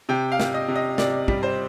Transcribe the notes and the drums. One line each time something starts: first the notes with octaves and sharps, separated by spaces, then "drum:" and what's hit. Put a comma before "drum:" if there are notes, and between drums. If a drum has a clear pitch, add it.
C3 G5
F5
C3, drum: snare
D#5
C3
D#5
C3 D5, drum: snare
G3, drum: kick
C5